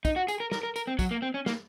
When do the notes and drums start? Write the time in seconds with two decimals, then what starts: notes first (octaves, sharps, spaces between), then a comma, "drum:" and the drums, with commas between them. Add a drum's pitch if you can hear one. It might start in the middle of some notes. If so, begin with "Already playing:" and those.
0.05 D#4, drum: kick, tambourine
0.16 F#4
0.28 G#4, drum: tambourine
0.40 A#4
0.52 A#4, drum: snare
0.63 A#4
0.76 A#4, drum: tambourine
0.87 C4
0.99 F#3, drum: kick, tambourine
1.11 A#3
1.22 C4
1.34 C#4
1.46 A#3, drum: snare